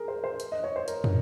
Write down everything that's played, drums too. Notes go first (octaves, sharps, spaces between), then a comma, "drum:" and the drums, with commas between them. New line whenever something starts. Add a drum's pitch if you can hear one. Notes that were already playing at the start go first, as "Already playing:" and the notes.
Already playing: G#4 A#4
C5
C5
drum: hi-hat
D#5
C#5
C5
A#4, drum: hi-hat
drum: tom